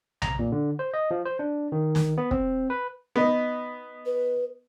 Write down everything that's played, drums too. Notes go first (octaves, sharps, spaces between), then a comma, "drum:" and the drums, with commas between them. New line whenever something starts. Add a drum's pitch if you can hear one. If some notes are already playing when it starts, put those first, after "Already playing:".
A#5, drum: tom B1
A#2
D3
C5
D#5
F3
C5
D4
D#3
drum: snare
B3
C4, drum: kick
B4
B3 D#4
B4